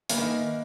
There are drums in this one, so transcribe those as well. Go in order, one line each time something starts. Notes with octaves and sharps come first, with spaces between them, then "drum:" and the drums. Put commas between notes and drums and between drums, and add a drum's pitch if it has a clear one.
E3 A#3, drum: open hi-hat
D#3